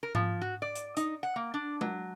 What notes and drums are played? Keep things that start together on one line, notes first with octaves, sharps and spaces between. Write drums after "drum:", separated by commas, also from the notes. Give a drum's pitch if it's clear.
A#4
F3, drum: tom G#2
F#4
D5
drum: hi-hat
D#4, drum: hi-hat
F#5
A#3
D4
F#3, drum: tom G#3